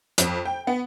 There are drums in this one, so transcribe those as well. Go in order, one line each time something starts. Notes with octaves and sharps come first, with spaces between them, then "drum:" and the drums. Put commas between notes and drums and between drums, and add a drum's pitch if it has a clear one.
F2, drum: hi-hat
G5
B3